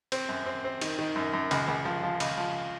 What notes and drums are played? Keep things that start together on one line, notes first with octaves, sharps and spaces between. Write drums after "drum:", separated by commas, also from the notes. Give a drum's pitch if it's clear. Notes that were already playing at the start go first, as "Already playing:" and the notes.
C4, drum: cymbal
F#2
C4
C4
D#3, drum: cymbal
D#3
F#2
F#2
C#2, drum: cymbal
C#2
F3
F3
C#2, drum: cymbal
F3